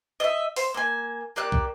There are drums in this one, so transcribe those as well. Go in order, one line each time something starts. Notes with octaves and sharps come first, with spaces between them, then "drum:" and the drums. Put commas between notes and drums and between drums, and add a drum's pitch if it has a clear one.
D#5 E5
C5, drum: open hi-hat
A#3 G#5
A#3 G4 D5 F#6
drum: kick